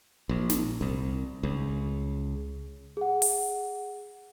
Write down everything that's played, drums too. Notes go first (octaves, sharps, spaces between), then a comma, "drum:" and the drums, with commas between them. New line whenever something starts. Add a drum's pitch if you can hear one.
A#1
drum: snare
C2
C#2
G#4 F#5
drum: open hi-hat